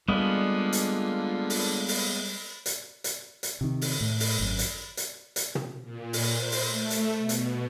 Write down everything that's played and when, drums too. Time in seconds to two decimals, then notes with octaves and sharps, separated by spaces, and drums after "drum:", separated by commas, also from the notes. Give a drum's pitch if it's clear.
0.08 D3 G3 G#3 A#3 B3 F4
0.73 drum: hi-hat
1.50 drum: open hi-hat
1.88 drum: open hi-hat
2.66 drum: hi-hat
3.04 drum: hi-hat
3.43 drum: hi-hat
3.61 C3 D#3
3.81 drum: open hi-hat
4.01 A2
4.20 drum: open hi-hat
4.39 G#1 F#2
4.59 drum: hi-hat
4.97 drum: hi-hat
5.36 drum: hi-hat
5.55 drum: tom
5.83 A#2
6.13 drum: open hi-hat
6.36 C5
6.52 drum: open hi-hat
6.67 A3
6.90 drum: hi-hat
7.18 B2
7.29 drum: hi-hat